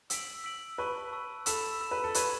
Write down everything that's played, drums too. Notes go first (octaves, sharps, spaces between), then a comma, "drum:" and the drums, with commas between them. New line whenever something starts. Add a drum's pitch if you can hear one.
E6 B6 D7 F#7, drum: hi-hat
E6 B6 D7 F#7
B4 A5 C#6 E6
A5 C#6 E6
A4 B5 E6 B6 E7, drum: hi-hat
B5 E6 B6 E7
B4
A4
B4 C#6 E6 G#6, drum: hi-hat